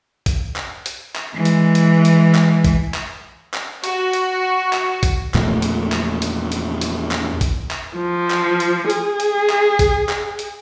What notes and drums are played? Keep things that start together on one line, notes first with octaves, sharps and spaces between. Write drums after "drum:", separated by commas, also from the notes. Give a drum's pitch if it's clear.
drum: kick A#1, hi-hat
drum: clap
drum: hi-hat
drum: clap
E3 G#3
drum: hi-hat
drum: hi-hat
drum: hi-hat
drum: clap
drum: kick A#1, hi-hat
drum: clap
drum: clap
F#4, drum: hi-hat
drum: hi-hat
drum: clap
drum: kick A#1, hi-hat
E2 A#2 F3 A3, drum: clap
drum: hi-hat
drum: clap
drum: hi-hat
drum: hi-hat
drum: hi-hat
drum: clap
drum: kick A#1, hi-hat
drum: clap
F3
drum: clap
drum: hi-hat
G#4, drum: hi-hat
drum: hi-hat
drum: clap
drum: kick A#1, hi-hat
drum: clap
drum: hi-hat